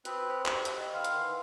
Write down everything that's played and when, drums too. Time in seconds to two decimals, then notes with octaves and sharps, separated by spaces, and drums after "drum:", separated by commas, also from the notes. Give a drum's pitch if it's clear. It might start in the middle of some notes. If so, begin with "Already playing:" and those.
0.05 C4 F#4 B4 D#6 F#6, drum: hi-hat
0.30 C5 B6
0.46 G4 F#6, drum: clap
0.65 drum: hi-hat
0.77 D#5 G5 E6
0.94 D#3 F5 F#5 B5 C6
1.05 drum: hi-hat
1.18 E3